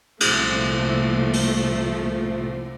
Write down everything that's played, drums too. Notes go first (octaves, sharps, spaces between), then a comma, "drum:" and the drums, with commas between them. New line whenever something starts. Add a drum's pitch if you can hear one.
C2 A#2 F3 A3, drum: cymbal
drum: open hi-hat